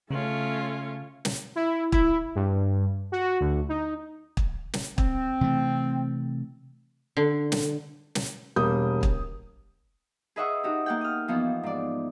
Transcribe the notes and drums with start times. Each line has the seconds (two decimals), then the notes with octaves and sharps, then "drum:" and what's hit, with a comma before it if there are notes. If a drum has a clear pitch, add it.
0.10 C#3 A3 C#4 F4 C#5
1.25 drum: snare
1.56 E4
1.92 E4, drum: kick
2.35 G2
3.12 F#4
3.40 D2
3.69 D#4
4.37 drum: kick
4.73 drum: snare
4.98 C4, drum: kick
5.41 C3 E3 A3
7.17 D3
7.52 drum: snare
8.15 drum: snare
8.56 E1 G3 A#3 D#6 G6
9.03 drum: kick
10.36 G#4 B4 D#5 E5 F#5 C#6
10.63 D#4 F#4 G4
10.86 A#3 F#5 G5
11.01 D#6 F6
11.28 E3 F3 B3 D#4
11.63 G#2 D5